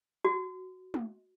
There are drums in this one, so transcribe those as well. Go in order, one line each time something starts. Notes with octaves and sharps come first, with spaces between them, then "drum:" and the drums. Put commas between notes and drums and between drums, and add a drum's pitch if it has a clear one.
F#4
drum: tom